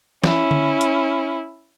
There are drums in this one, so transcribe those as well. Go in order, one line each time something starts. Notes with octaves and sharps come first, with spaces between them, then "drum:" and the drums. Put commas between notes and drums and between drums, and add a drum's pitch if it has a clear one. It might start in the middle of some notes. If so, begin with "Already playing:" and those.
C#4 E4, drum: snare
drum: tom D3
drum: hi-hat